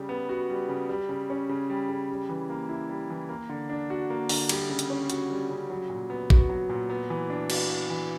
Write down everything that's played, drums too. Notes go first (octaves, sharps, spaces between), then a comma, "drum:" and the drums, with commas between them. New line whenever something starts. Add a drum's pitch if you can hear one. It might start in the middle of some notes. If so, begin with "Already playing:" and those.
Already playing: C#3 G3
B3
F#4
G3
C#3
G3
C#3
C#4
C#3
G3
C#3
G3
E3
A#3
E4
G3
E3
A#3
D3
D4
F#4
A#3
D3, drum: open hi-hat
G3, drum: cymbal
C#3
drum: hi-hat
C#4
F#4, drum: hi-hat
G3
C#3
F#3
A#2
B3
F#4, drum: kick
F#3
A#2
B3
E3
D4
F#4, drum: cymbal
B3
E3